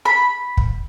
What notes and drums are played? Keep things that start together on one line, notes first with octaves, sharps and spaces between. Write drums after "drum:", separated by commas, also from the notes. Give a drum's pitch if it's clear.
B5
drum: kick